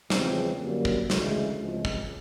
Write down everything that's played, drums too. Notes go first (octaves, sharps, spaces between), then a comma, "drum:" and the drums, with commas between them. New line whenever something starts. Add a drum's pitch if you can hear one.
E2 C#3 F3 G#3 C4, drum: snare
F#2 D3 G3 A#3
drum: kick
D2 C#3 E3 G#3, drum: snare
C#2 C3 F3 G#3
drum: kick